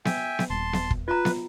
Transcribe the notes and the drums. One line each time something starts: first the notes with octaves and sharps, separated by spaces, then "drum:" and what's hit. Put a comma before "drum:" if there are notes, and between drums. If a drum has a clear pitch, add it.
E5 G5 G#5, drum: snare B3
drum: snare B3
D#1 A5 C6
drum: snare B3
drum: kick
F4 B4 A#5
drum: snare B3